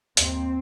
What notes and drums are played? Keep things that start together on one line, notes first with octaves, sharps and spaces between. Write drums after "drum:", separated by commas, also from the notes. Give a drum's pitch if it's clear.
D#2 C4, drum: hi-hat